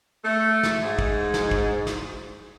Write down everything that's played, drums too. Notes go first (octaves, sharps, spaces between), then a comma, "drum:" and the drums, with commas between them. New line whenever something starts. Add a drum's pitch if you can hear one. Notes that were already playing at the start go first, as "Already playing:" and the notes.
A3
drum: snare
G#2
drum: kick
drum: snare
drum: kick
drum: snare